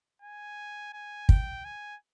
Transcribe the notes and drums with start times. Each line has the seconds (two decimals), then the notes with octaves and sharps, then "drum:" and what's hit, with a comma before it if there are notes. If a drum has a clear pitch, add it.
0.22 G#5
0.93 G#5
1.29 G5, drum: kick
1.65 G#5